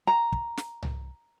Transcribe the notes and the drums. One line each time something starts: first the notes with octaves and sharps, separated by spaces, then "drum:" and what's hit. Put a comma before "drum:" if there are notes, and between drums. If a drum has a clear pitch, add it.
A#5
drum: kick
drum: snare
drum: tom C2